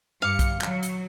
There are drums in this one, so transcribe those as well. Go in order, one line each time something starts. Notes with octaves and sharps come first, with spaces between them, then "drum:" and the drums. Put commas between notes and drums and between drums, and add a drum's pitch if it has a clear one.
G2 F5 D6 C#7
drum: kick B1, hi-hat
F#3, drum: clap
drum: hi-hat